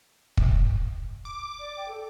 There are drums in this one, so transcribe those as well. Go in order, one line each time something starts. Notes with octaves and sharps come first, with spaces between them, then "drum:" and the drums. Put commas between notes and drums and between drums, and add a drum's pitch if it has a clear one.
drum: kick
D6
D5
G5
A4